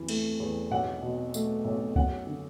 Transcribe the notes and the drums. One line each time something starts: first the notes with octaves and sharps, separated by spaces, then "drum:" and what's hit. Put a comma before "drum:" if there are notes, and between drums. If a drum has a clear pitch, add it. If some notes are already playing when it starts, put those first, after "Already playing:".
Already playing: E2 E3
A3, drum: cymbal
E2
B1 F#5
B2
A3, drum: tambourine
B1
F#2 F#5, drum: kick
D3